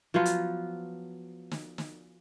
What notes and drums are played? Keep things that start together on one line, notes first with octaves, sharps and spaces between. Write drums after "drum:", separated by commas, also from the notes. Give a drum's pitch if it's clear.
F3 F#3 B3 F4
drum: hi-hat
drum: snare
drum: snare